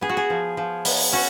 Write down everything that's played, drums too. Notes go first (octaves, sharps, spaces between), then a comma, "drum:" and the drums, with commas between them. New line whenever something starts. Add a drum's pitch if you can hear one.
B3 G#4
F#4
G#4
F3
F3
B3, drum: open hi-hat
C#4 F#4